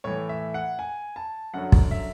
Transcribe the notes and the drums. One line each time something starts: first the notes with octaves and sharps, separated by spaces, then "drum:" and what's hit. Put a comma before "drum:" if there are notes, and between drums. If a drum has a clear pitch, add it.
A2 E3 C#5
E5
F#5
G#5
A5
F#2 D3 F#3 F#5
drum: kick
E5